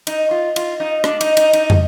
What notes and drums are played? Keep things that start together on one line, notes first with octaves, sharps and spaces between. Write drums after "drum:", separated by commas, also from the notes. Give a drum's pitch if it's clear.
D#4, drum: cymbal
F4
F4, drum: cymbal
D#4
D4, drum: rim click
D#4, drum: cymbal
D#4, drum: cymbal
D#4, drum: cymbal
drum: tom